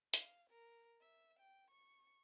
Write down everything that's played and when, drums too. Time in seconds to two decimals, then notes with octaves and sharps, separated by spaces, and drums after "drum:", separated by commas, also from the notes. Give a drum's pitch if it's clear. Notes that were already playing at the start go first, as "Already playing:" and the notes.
0.14 F5, drum: hi-hat
0.50 A#4
1.01 E5
1.39 G5
1.71 C#6